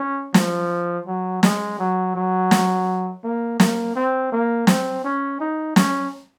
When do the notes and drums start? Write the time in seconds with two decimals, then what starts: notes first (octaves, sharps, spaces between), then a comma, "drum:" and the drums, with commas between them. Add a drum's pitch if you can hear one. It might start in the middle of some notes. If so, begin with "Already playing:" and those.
Already playing: C#4
0.34 F3, drum: snare
1.07 F#3
1.43 G#3, drum: snare
1.79 F#3
2.15 F#3
2.51 drum: snare
3.24 A#3
3.60 A#3, drum: snare
3.95 C4
4.32 A#3
4.67 C4, drum: snare
5.04 C#4
5.40 D#4
5.76 C#4, drum: snare